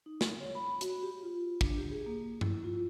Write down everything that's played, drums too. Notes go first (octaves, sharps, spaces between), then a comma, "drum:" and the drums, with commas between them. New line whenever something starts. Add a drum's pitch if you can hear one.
D#4
drum: snare
C#5
B5
F#4, drum: hi-hat
G4
F4
D4, drum: kick
G4
G#4
A#3
E4, drum: tom G2
F4